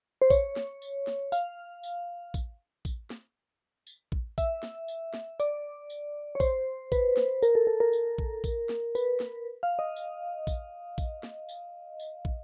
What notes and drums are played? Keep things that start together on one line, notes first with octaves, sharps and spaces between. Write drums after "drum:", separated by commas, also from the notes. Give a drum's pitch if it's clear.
C5
C#5, drum: kick, tambourine
drum: snare
drum: tambourine
drum: snare
F5, drum: tambourine
drum: tambourine
drum: kick, tambourine
drum: kick, tambourine
drum: snare
drum: tambourine
drum: kick
E5, drum: kick, tambourine
drum: snare
drum: tambourine
drum: snare
D5, drum: tambourine
drum: tambourine
C#5
C5, drum: kick, tambourine
B4, drum: kick, tambourine
drum: snare
A#4, drum: tambourine
A4
A4
A#4
drum: tambourine
drum: kick
drum: kick, tambourine
drum: snare
B4, drum: tambourine
drum: snare
F5
D#5
drum: tambourine
drum: kick, tambourine
drum: kick, tambourine
drum: snare
drum: tambourine
drum: tambourine
drum: kick